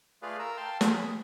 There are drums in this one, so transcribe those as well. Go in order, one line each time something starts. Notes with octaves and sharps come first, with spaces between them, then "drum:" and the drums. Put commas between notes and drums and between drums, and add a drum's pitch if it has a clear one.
A3 F4 G#4 B4 D5 F5
A#4 A#5 E6
F5 G5 A5 C6
G#4 B5, drum: snare